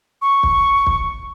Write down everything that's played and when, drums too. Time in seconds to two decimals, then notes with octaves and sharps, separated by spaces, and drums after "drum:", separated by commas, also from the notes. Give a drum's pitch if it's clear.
0.22 C#6
0.43 drum: kick
0.87 drum: kick